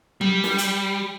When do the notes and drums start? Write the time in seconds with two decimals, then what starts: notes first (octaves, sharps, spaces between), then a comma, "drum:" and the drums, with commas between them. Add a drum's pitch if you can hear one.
0.21 G3, drum: tom F#3
0.44 drum: snare
0.58 drum: hi-hat